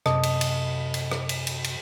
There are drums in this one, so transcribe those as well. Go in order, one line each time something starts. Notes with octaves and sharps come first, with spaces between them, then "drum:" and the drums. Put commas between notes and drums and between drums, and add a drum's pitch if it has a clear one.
F#2 C3 D#5 A5 D#6, drum: rim click
drum: cymbal
drum: cymbal
drum: cymbal
drum: rim click
drum: cymbal
drum: cymbal
drum: cymbal